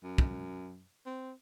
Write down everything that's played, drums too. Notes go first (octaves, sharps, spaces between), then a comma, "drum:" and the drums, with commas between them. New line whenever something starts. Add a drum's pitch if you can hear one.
F#2
drum: kick
C4